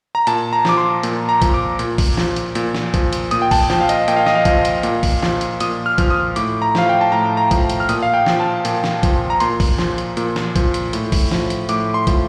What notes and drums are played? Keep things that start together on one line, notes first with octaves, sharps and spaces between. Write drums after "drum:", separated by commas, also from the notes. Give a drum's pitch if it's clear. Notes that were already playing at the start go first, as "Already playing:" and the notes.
A#5
A#2 A5, drum: hi-hat
A#5
F3 D6, drum: snare
C6
A#2, drum: hi-hat
A#5
F3, drum: kick, hi-hat
D6
A#2, drum: hi-hat
drum: kick, open hi-hat
F3, drum: snare
drum: hi-hat
A#2, drum: hi-hat
drum: snare
F3, drum: kick, hi-hat
drum: hi-hat
A#2 D#6, drum: hi-hat
G5
A5, drum: kick, open hi-hat
F3 G5, drum: snare
F5
D#5, drum: hi-hat
A#2 G5, drum: hi-hat
F5
D#5, drum: snare
F5
F3, drum: kick, hi-hat
drum: hi-hat
A#2, drum: hi-hat
drum: kick, open hi-hat
F3, drum: snare
drum: hi-hat
A#2 D#6, drum: hi-hat
F6
F3, drum: kick, hi-hat
D#6
A2 D6, drum: hi-hat
A#5
F3 F5, drum: snare
G5
A5
A2 A#5
A#5
F3, drum: kick, hi-hat
drum: hi-hat
F6
A#2 D#6, drum: hi-hat
F5
G5
F3, drum: snare
A5
A#2, drum: hi-hat
drum: snare
F3, drum: kick, hi-hat
A#5
A#2 C6, drum: hi-hat
drum: kick, open hi-hat
F3, drum: snare
drum: hi-hat
A#2, drum: hi-hat
drum: snare
F3, drum: kick, hi-hat
drum: hi-hat
A2, drum: hi-hat
drum: kick, open hi-hat
F3, drum: snare
drum: hi-hat
A2 D6, drum: hi-hat
C6
F3, drum: kick, hi-hat